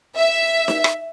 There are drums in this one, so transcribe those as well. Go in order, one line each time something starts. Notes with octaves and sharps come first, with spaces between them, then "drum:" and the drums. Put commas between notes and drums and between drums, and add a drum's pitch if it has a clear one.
E5
drum: snare
drum: rim click